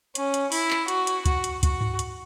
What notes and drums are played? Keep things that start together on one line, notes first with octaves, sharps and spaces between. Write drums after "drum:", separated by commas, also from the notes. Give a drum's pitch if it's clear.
C#4, drum: hi-hat
drum: hi-hat
E4, drum: open hi-hat
drum: clap
F#4, drum: hi-hat
drum: hi-hat
F#4, drum: kick, hi-hat
drum: hi-hat
F#4, drum: kick, hi-hat
drum: tom G#2
drum: hi-hat